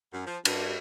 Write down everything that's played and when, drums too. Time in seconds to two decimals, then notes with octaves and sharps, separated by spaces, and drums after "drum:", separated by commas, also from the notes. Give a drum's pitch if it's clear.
0.13 F#2
0.26 F3
0.45 G2, drum: cymbal